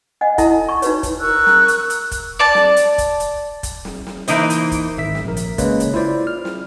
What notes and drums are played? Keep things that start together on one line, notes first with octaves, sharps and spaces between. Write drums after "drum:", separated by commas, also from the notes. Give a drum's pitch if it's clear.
D#5 F#5 G#5
E4 A4 D#5 E5 A5, drum: kick, hi-hat
C#6
D#4 F#4 B4 C#5, drum: hi-hat
drum: kick, hi-hat
A#4 C#6 E6 F#6
drum: snare
drum: hi-hat
drum: hi-hat
drum: kick, hi-hat
D5 A5
drum: snare
drum: hi-hat
drum: kick, hi-hat
drum: hi-hat
drum: kick, hi-hat
drum: snare
drum: snare
E3 A#3 D#4 C5, drum: hi-hat
drum: hi-hat
drum: kick, hi-hat
G#1 E5 B6
drum: snare
A#1 A#4
drum: hi-hat
C#3 G#3 A#3 B4 C#5, drum: kick, hi-hat
drum: hi-hat
E4 F4 C5 D5
F6
drum: snare